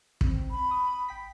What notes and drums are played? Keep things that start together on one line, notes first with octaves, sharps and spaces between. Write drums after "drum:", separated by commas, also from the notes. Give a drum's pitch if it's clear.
C#2 C4, drum: kick
B5
D#6
G#1 G5 B6